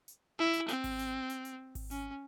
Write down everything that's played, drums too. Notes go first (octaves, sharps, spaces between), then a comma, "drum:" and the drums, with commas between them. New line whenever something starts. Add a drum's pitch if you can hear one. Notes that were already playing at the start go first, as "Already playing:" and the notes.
drum: hi-hat
E4
drum: hi-hat
C4, drum: hi-hat
drum: kick G#1, open hi-hat
drum: hi-hat
drum: hi-hat
drum: hi-hat
drum: kick G#1, open hi-hat
C#4, drum: hi-hat